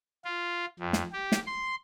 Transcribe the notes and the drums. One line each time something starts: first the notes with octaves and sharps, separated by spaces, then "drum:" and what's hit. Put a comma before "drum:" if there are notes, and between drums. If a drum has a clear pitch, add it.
F4
F2
drum: snare
G4
drum: snare
C6